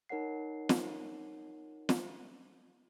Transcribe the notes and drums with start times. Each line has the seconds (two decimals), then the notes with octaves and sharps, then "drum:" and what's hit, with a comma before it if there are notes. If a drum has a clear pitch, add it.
0.09 D#4 A#4 C#5 F#5 C7
0.69 drum: snare
1.89 drum: snare